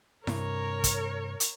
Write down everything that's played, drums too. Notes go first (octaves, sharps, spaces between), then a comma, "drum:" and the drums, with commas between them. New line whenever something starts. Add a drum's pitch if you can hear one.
G2 C3 A#4 C#5, drum: snare E4
drum: kick, hi-hat
drum: hi-hat